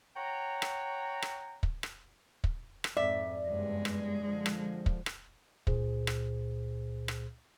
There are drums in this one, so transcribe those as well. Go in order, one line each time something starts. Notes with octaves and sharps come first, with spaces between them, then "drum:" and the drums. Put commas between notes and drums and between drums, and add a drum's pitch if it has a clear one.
C#5 F#5 G5 A#5
drum: rim click
drum: rim click
drum: kick
drum: rim click
drum: kick
drum: rim click
F2 G#2 D5 E5
F#1 E2 G2 G#3
drum: rim click
D3 F3
drum: rim click
drum: kick
drum: rim click
C#2 A#2 G#4 C5, drum: kick
drum: rim click
drum: rim click